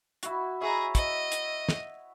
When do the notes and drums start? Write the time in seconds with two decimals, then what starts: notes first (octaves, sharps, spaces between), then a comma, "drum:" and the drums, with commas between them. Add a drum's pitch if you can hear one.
0.23 E4 F#4, drum: hi-hat
0.61 E4 G#4 C#5 E5 A#5
0.95 D#5, drum: kick, hi-hat
1.32 drum: hi-hat
1.69 drum: snare